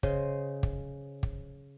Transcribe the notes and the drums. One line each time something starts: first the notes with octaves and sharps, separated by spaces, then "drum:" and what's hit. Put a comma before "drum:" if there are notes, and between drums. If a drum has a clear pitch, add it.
C#3 C5 D#5, drum: kick
drum: kick
drum: kick